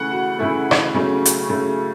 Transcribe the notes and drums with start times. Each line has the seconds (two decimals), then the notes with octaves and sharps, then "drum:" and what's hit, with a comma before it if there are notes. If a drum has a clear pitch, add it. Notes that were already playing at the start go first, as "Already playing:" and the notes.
Already playing: C#3 E3 A3 F#5
0.12 F#4
0.39 C#3 E3 A3 E4
0.71 drum: rim click
0.94 C#3 F#3 A3
1.25 drum: hi-hat
1.49 C#3 F#3 A3